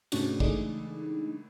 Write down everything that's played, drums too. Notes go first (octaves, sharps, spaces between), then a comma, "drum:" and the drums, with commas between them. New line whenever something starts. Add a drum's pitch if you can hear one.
G#2 C3 A3 C#4 D4 F#4, drum: cymbal
C#3 E3 G#3 A3 D4 D#4, drum: kick